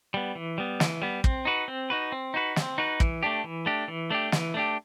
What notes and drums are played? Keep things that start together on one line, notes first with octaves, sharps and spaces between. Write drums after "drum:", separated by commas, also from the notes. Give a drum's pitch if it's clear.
G3 B3
E3
G3 B3
E3, drum: snare
G3 B3
C4, drum: kick
D#4 F#4 B4
C4
D#4 F#4 B4
C4
D#4 F#4 B4
C4, drum: snare
D#4 F#4 B4
E3, drum: kick
A3 D4 G4
E3
A3 D4 G4
E3
A3 D4 G4
E3, drum: snare
A3 D4 G4